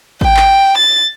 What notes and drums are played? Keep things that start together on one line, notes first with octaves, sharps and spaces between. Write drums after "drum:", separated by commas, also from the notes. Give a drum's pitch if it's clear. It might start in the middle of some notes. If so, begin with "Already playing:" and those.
G5, drum: kick G#1
drum: clap
A6